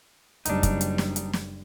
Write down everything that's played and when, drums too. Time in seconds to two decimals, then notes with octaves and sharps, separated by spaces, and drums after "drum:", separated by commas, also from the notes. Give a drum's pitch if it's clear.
0.45 F#1 G3 D4 D#4, drum: hi-hat
0.63 drum: kick, hi-hat
0.81 drum: hi-hat
0.98 drum: snare
1.16 drum: hi-hat
1.33 drum: snare